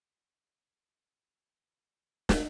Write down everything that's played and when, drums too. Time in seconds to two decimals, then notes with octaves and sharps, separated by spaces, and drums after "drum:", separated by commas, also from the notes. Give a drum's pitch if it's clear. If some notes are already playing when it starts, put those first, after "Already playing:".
Already playing: A#2 G#4
0.21 D#4
0.29 A#4
0.36 C#5
0.64 F#3 G#4
0.85 F#4
1.07 F#3
2.29 drum: snare